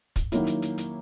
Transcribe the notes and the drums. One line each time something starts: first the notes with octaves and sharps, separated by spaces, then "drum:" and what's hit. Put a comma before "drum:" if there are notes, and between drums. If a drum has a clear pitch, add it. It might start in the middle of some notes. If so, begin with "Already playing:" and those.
drum: kick, hi-hat
D#3 F#3 A#3 C#4 E4, drum: hi-hat
drum: hi-hat
drum: hi-hat
drum: hi-hat